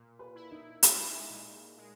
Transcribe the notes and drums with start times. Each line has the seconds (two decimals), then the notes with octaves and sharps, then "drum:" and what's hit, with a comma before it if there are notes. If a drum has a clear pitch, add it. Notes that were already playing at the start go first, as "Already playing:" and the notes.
Already playing: A#2
0.19 B4
0.35 E4
0.51 D#4
0.83 G#3, drum: hi-hat
1.30 A#2
1.77 G#3